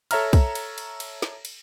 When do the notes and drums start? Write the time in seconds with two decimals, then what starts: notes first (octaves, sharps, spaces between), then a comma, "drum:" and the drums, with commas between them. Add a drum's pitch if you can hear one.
0.11 A4 C#5 E5 A#5 F6, drum: cymbal
0.33 drum: kick, cymbal
0.55 drum: cymbal
0.78 drum: cymbal
1.00 drum: cymbal
1.22 drum: snare
1.45 drum: cymbal